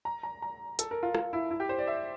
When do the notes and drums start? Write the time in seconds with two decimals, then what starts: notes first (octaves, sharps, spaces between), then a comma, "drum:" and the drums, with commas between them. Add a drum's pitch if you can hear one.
0.05 A#5
0.23 A#5
0.42 A#5
0.79 A4, drum: hi-hat
0.91 A#4
1.03 F4
1.15 F4, drum: rim click
1.33 E4
1.51 E4
1.60 G4
1.69 C5
1.79 D5
1.87 E5